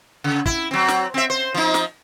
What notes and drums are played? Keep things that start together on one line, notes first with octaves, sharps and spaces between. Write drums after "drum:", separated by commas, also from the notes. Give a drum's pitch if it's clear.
C#3
E4, drum: kick
F#3 C4
drum: snare
C4 E5
C5
F3 D#4
drum: snare